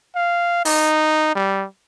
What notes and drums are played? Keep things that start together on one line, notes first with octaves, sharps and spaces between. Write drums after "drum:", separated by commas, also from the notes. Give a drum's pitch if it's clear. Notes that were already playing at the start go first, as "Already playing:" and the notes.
F5
D#4, drum: open hi-hat
G3